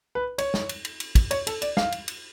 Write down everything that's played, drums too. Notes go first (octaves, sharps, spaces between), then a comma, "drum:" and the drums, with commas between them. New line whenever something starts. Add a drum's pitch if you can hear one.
B4
C#5, drum: cymbal
drum: snare
drum: cymbal
drum: cymbal
drum: cymbal
drum: kick, cymbal
C#5, drum: cymbal
A4, drum: cymbal
D5, drum: cymbal
F5, drum: snare
drum: cymbal
drum: cymbal